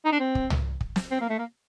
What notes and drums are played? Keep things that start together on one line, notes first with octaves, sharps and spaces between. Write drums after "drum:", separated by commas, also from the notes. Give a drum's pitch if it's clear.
D#4
D4
C4
drum: kick
drum: tom
drum: kick
drum: snare
C4
A#3
A3
A#3